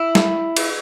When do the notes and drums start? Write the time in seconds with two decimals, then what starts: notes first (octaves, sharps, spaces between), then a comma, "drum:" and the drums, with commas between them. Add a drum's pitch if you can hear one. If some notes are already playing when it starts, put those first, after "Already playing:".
Already playing: E4
0.15 drum: snare
0.57 drum: cymbal